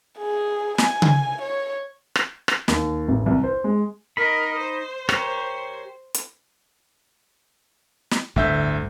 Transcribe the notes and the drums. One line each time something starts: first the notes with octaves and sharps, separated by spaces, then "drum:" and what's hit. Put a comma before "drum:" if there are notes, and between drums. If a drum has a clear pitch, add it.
G#4
G#5, drum: snare
drum: tom C#3
C#5
drum: rim click
drum: rim click
D#2, drum: snare
A1
C2
C5
G#3
D#4 A#4 D#5 B5
C5
G4 A#4 C#5, drum: rim click
drum: hi-hat
drum: snare
G1 D2 A2 E5 G6